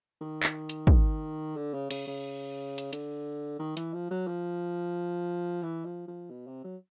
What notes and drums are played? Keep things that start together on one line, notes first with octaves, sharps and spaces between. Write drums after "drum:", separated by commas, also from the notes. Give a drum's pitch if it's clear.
D#3
drum: clap
drum: hi-hat
drum: kick
D3
C#3
C#3, drum: cymbal
C#3
drum: hi-hat
D3, drum: hi-hat
D#3
E3, drum: hi-hat
F3
F#3
F3
E3
F3
F3
B2
C3
F#3